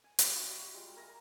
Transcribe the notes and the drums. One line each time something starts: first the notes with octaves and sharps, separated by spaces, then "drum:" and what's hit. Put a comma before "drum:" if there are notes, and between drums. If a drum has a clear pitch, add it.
G#5
G3 F#4 D5 E5, drum: hi-hat
G3 G4
F#4
G3 G#3 F4
A#4 E5 G#5 A#5